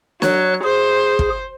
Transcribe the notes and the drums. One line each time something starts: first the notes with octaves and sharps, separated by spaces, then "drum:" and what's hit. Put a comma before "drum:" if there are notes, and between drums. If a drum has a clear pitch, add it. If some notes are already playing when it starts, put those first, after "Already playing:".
F#3 C#5 F#6, drum: snare
G#4 C5
drum: kick